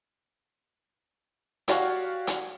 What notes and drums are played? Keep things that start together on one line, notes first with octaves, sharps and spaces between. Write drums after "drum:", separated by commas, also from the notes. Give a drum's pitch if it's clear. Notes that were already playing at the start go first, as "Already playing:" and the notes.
F#4 G4 C#5 D5 F5 F#5, drum: hi-hat
drum: hi-hat